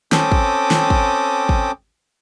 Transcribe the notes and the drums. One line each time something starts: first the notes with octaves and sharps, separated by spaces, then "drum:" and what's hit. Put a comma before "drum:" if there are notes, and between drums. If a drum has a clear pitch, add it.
C4 C#4 A4 G5 D6 D#6, drum: snare
drum: kick
drum: snare
drum: kick
drum: kick